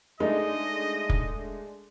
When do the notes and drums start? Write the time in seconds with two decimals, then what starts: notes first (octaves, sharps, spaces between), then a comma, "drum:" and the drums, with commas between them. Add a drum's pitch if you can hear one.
0.20 G#3 A3 D4 D#4 D#5
1.09 drum: kick